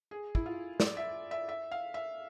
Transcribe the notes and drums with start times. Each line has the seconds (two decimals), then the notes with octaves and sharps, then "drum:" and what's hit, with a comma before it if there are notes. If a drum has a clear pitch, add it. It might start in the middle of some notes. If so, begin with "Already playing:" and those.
0.11 G#4
0.35 E4, drum: kick
0.46 F4
0.80 D5, drum: snare
0.97 E5
1.31 E5
1.49 E5
1.72 F5
1.94 E5